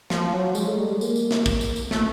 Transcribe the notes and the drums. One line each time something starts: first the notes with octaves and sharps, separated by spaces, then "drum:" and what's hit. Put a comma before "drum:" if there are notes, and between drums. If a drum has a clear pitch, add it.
F3, drum: snare
F#3
G#3, drum: tambourine
A3
G3
G#3
A#3, drum: tambourine
drum: tambourine
drum: snare
drum: kick, tambourine
drum: tambourine
drum: tambourine
A3, drum: snare